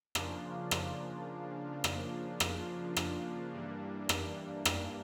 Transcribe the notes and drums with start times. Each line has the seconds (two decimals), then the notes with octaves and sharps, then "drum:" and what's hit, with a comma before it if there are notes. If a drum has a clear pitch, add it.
0.15 C#3 F3 A#3 D4 F4, drum: rim click
0.71 drum: rim click
1.84 drum: rim click
2.40 drum: rim click
2.97 drum: rim click
3.52 G2 E3 G3 A#3 D4
4.09 drum: rim click
4.65 drum: rim click